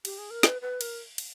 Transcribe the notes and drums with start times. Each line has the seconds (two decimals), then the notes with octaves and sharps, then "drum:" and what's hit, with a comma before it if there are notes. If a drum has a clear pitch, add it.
0.05 G4, drum: cymbal
0.18 G#4
0.30 A#4
0.43 B4, drum: snare
0.62 B4
0.81 A#4, drum: cymbal
1.18 drum: cymbal